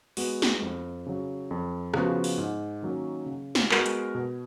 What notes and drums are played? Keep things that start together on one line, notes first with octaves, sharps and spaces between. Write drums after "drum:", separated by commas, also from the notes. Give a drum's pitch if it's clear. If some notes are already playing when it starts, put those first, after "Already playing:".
G#3 B3 F#4, drum: open hi-hat
drum: snare
F2
C#3 F#3
F2
C#3 F3 B3 F#4, drum: rim click
drum: open hi-hat
G#2
D#3 F#3 A#3 C#4
C#3
drum: snare
G#3 B3 F#4 A#4, drum: clap
drum: hi-hat
B2